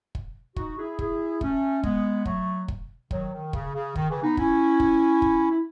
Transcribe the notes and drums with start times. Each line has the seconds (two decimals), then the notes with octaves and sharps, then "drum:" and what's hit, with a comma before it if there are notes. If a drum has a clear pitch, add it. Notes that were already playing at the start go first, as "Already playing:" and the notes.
0.15 drum: kick
0.56 D#4 F#4, drum: kick
0.78 E4 G#4
0.99 E4 G#4, drum: kick
1.41 A3 C#4, drum: kick
1.83 G#3 B3, drum: kick
2.25 F#3 A3, drum: kick
2.68 drum: kick
3.11 D#3 F#3, drum: kick
3.32 D#3
3.53 C#3, drum: kick
3.74 C#3
3.96 D#3, drum: kick
4.09 C#3 E3
4.23 B3 D#4
4.37 C#4 E4, drum: kick
4.80 drum: kick
5.22 drum: kick
5.50 E4